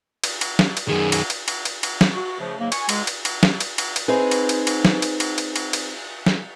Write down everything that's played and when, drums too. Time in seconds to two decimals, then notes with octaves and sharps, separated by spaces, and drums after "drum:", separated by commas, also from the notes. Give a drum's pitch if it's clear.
0.24 drum: cymbal
0.41 drum: cymbal
0.59 drum: snare
0.77 drum: cymbal
0.88 F#2 D#3 G#4
1.12 drum: cymbal
1.30 drum: cymbal
1.48 drum: cymbal
1.65 drum: cymbal
1.83 drum: cymbal
2.01 drum: snare
2.14 F#4
2.39 C#3 F3 A3
2.59 G#2 C#3 F#3 A#3
2.72 G#5 C#6, drum: cymbal
2.89 G#3, drum: cymbal
3.07 drum: cymbal
3.25 drum: cymbal
3.43 drum: snare
3.60 drum: cymbal
3.78 drum: cymbal
3.96 drum: cymbal
4.08 C4 D#4 G#4 B4
4.31 drum: cymbal
4.49 drum: cymbal
4.67 drum: cymbal
4.85 drum: snare
5.02 drum: cymbal
5.20 drum: cymbal
5.38 drum: cymbal
5.56 drum: cymbal
5.73 drum: cymbal
6.26 drum: snare